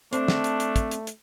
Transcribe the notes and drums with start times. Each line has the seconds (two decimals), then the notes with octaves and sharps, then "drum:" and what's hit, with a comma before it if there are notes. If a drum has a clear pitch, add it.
0.13 A3 C4 D4, drum: hi-hat
0.28 drum: snare
0.44 drum: hi-hat
0.60 drum: hi-hat
0.76 drum: kick, hi-hat
0.91 drum: hi-hat
1.07 drum: hi-hat